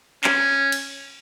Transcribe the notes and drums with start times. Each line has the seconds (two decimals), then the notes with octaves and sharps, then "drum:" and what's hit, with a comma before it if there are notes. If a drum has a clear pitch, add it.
0.24 C#4, drum: clap
0.72 drum: cymbal